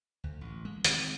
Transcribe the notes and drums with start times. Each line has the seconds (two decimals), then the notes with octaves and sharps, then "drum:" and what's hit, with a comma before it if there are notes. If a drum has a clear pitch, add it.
0.24 D2
0.41 A1
0.65 G#3
0.84 D#3 G#3 A#3 C4, drum: hi-hat